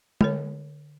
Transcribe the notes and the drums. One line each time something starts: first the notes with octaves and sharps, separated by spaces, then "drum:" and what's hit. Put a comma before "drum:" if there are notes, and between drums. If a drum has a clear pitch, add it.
D3 A4 C#5, drum: tom G#3